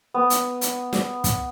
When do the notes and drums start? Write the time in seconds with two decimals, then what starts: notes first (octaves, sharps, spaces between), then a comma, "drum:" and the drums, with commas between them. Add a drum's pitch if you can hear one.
0.14 B3
0.30 drum: hi-hat
0.61 drum: hi-hat
0.93 drum: snare
1.24 drum: kick, hi-hat